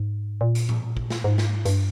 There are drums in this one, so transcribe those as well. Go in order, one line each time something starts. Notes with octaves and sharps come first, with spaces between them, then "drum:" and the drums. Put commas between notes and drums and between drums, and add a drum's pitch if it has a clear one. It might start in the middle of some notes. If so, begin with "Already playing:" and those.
Already playing: G#2
A#2
drum: hi-hat
drum: tom A2
drum: kick
drum: snare
G#2
drum: snare
G2, drum: hi-hat